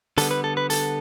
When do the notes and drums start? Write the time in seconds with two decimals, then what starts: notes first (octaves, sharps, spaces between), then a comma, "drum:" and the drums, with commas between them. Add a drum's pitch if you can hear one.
0.18 D3 G3 B3 A4, drum: hi-hat
0.31 B4
0.44 A4
0.57 B4
0.70 A4, drum: hi-hat